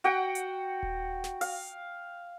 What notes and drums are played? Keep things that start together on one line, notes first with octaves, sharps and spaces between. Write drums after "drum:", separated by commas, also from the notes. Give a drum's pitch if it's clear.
F#4 F#5 G5
drum: hi-hat
drum: kick D#1
drum: snare
F5, drum: open hi-hat